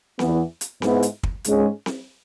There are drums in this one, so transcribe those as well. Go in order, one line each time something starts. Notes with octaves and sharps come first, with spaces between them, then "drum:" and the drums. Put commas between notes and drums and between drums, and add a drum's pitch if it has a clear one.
E2 E3 B3, drum: snare C4
drum: hi-hat
G#2 G#3 B3 E4, drum: snare C4
drum: hi-hat
drum: kick
G#2 G#3 C#4 G#4, drum: hi-hat
drum: snare C4